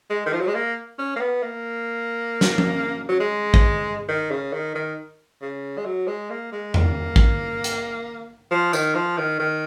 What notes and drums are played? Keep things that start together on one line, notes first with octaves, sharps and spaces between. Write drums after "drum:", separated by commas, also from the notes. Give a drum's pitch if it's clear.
G#3
D#3
F3
F#3
G#3
A#3
C#4
A#3
B3
A#3
drum: snare
drum: tom F3
F#3
G#3
drum: kick
D#3
C#3
D#3
D#3
C#3
G#3
F#3
G#3
A#3
G#3
A#3, drum: tom E2
drum: kick
drum: hi-hat
F3
D#3, drum: tambourine
F3
D#3
D#3